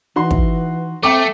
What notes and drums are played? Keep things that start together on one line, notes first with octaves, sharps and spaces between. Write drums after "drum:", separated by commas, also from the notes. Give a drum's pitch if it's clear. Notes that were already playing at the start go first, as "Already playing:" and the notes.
E3 D#4 F#4 C6
drum: kick
A3 C4 G5 D6